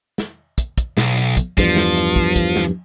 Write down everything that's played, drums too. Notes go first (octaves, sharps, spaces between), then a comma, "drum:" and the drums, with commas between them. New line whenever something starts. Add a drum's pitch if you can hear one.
drum: snare
drum: kick, hi-hat
drum: kick, hi-hat
B1, drum: snare
drum: hi-hat
drum: kick, hi-hat
E2 G2 F3, drum: kick, hi-hat
drum: snare
drum: hi-hat
drum: kick
drum: kick, hi-hat
drum: snare